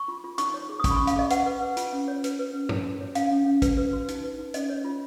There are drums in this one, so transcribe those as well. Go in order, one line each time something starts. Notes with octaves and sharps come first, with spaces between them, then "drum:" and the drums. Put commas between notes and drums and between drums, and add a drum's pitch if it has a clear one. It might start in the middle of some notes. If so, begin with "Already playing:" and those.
Already playing: C#6
F4
F4
D#4 C#6, drum: hi-hat
C#5
G#4
D#6
C#4 C#6, drum: kick, hi-hat
B5
C#4 C#6
F5, drum: hi-hat
G#4 D#5
B4 F#5, drum: hi-hat
B4
B4
F4, drum: hi-hat
C#4
C#5
B4, drum: hi-hat
B4
C#4
C#5, drum: tom
F#4
C#5
C#4 F5, drum: hi-hat
C#4
C#4
B4, drum: kick, hi-hat
B4
F#4
D#4, drum: hi-hat
B4
D#4
C#4 D#5, drum: hi-hat
C#5
F4